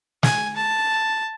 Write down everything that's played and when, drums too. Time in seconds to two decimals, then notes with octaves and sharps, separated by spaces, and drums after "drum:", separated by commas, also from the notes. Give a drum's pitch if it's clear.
0.23 G#5, drum: snare
0.56 A5